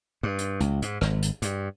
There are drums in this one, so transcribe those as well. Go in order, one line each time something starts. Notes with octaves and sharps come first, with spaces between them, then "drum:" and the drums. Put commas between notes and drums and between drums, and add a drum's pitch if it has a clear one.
G2
drum: hi-hat
C#2, drum: hi-hat
G#2, drum: hi-hat
G#1, drum: rim click
drum: hi-hat
G2, drum: hi-hat